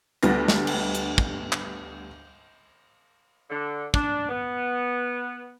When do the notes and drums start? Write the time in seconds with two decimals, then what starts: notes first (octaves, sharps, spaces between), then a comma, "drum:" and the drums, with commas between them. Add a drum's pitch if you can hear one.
0.23 D2 G3 B3 D4 A#6, drum: hi-hat
0.48 drum: snare
0.67 drum: cymbal
0.95 drum: hi-hat
1.18 drum: kick
1.52 drum: clap
3.50 D3
3.94 D4, drum: kick
4.29 B3